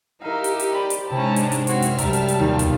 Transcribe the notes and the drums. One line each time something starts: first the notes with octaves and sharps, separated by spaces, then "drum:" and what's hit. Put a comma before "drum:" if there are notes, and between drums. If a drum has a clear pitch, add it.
D#4 E4 G4 A#4 E5 F5
drum: hi-hat
drum: hi-hat
C5 D5 B5
drum: hi-hat
G#2 C3 G#3 C#4 D4 E4 A5 A#5
drum: hi-hat
drum: hi-hat
F#2 C4 D#4 F#4 C#5 E5 F6, drum: hi-hat
drum: hi-hat
G3 D5 A5 A#5, drum: kick, hi-hat
drum: hi-hat
drum: hi-hat
D#2 B2 F4
drum: kick, hi-hat